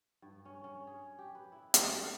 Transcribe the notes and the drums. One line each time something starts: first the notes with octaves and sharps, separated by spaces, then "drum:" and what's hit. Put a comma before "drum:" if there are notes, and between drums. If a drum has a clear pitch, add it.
G2
C#4
C#4
G#4
G4
B4
E4
A3, drum: hi-hat
G3
A4